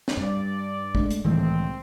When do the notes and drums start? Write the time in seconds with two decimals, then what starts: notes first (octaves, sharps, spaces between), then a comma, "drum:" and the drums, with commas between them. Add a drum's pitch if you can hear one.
0.08 drum: snare
0.17 G2 G3 D5
0.95 G#3 A3 D4, drum: kick
1.11 drum: hi-hat
1.25 C2 A2 D#3 E3 G#3 A3 C4